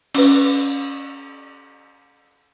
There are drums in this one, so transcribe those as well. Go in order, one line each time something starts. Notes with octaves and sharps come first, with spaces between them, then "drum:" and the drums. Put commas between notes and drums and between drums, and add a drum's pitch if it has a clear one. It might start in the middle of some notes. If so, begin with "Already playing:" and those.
C#4 B4, drum: cymbal